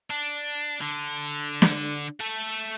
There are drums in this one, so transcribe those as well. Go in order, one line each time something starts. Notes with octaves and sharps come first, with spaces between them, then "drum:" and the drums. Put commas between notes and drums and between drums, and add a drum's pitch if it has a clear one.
D4
D3
drum: snare
A3 A4